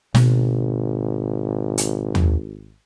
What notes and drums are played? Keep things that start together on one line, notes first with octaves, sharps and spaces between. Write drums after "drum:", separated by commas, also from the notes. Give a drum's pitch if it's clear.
G#1 B2, drum: snare
drum: hi-hat
drum: tom